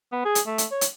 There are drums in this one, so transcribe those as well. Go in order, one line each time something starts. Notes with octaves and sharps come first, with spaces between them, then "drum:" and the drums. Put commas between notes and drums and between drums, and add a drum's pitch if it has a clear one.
B3
G#4
drum: hi-hat
A3
drum: hi-hat
C#5
drum: hi-hat